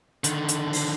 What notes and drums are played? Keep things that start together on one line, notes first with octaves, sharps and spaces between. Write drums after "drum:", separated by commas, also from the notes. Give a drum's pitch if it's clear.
D3 D#3, drum: hi-hat
drum: hi-hat
drum: open hi-hat